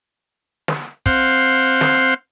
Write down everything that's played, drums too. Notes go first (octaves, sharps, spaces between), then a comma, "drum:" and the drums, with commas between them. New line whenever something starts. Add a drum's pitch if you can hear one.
drum: snare
C4 C5 F5 F#5 C6, drum: kick
drum: snare